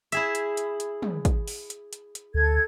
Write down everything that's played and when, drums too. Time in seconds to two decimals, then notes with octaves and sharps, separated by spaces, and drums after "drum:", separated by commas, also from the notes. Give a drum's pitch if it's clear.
0.12 E4 G#4 E5, drum: hi-hat
0.35 drum: hi-hat
0.57 drum: hi-hat
0.80 drum: hi-hat
1.02 drum: tom
1.25 drum: kick, hi-hat
1.48 drum: open hi-hat
1.70 drum: hi-hat
1.93 drum: hi-hat
2.15 drum: hi-hat
2.34 D2 A4 G#6